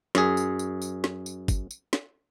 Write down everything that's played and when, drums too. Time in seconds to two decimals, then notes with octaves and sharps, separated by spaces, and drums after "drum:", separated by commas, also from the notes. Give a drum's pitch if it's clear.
0.15 F#2 G#4, drum: snare
0.37 drum: tambourine
0.59 drum: tambourine
0.82 drum: tambourine
1.04 drum: snare
1.26 drum: tambourine
1.48 drum: kick, tambourine
1.71 drum: tambourine
1.93 drum: snare